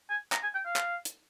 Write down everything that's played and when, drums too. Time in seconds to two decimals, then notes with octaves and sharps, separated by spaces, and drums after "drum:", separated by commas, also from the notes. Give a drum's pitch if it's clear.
0.10 G#5
0.32 A#5, drum: clap
0.43 G#5
0.54 G5
0.66 F5
0.76 drum: clap
1.05 drum: hi-hat